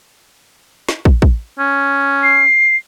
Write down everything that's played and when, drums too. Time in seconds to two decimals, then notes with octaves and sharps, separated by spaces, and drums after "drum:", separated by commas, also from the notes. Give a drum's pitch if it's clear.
0.89 drum: snare
1.05 drum: kick
1.22 drum: kick
1.59 C#4
2.23 C7